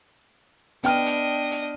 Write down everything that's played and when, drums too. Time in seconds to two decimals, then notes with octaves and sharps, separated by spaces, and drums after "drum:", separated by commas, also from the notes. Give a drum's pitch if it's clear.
0.83 B3 D4 D#5 G5 F6, drum: hi-hat
1.06 drum: hi-hat
1.51 drum: hi-hat